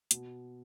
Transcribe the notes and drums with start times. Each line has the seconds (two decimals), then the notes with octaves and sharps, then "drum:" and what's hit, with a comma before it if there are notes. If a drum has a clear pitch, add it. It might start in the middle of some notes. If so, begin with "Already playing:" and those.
0.11 B2, drum: hi-hat